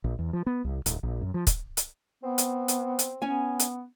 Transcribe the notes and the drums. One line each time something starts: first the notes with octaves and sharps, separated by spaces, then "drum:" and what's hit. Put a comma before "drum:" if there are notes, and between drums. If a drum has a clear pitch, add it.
A#1
E2
F3
B3
C2
D1, drum: hi-hat
A#1
F#2
F3
drum: kick, hi-hat
drum: hi-hat
B3 C4
drum: hi-hat
drum: hi-hat
drum: hi-hat
B3 C#4 G#5
drum: hi-hat